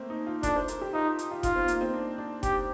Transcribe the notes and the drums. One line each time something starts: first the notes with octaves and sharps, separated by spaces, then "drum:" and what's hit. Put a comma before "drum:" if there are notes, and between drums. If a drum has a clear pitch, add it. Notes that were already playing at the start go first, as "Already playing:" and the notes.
Already playing: A3 A#3 C4
D#4
F4
D4 A4, drum: kick F#1, hi-hat
C5
A#4, drum: hi-hat
G4
D#4 F4
drum: hi-hat
F4
D#4 F4, drum: kick F#1, hi-hat
C4
A#3, drum: hi-hat
C4
D4
D4
G4, drum: kick F#1, hi-hat